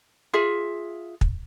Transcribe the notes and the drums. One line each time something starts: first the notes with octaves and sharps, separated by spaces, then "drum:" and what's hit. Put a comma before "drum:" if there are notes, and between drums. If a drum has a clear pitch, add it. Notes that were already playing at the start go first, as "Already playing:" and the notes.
F4 G#4 E5
drum: kick